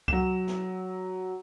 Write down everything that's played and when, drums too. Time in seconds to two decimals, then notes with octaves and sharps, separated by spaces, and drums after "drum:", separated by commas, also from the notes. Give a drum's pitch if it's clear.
0.08 F#3 E7, drum: kick C2
0.47 drum: snare